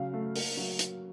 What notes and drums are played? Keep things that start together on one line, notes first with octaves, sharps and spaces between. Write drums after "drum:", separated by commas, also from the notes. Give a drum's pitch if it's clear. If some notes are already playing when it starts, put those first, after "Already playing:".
Already playing: C#3 F#3 F5
A3
A#3, drum: open hi-hat
F#3
drum: hi-hat